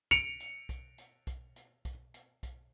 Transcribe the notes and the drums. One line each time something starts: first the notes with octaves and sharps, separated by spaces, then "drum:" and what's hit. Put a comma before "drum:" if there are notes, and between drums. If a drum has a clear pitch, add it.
C#7 D7 F7, drum: kick B1, hi-hat
drum: hi-hat
drum: kick B1, hi-hat
drum: hi-hat
drum: kick B1, hi-hat
drum: hi-hat
drum: kick B1, hi-hat
drum: hi-hat
drum: kick B1, hi-hat